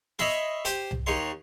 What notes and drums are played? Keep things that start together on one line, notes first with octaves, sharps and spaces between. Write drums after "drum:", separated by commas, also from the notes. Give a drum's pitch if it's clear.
C#5 D#5 E5 B5 C6, drum: snare
G4 C5, drum: hi-hat
drum: tom C2
D#2 D#4 C#5 C6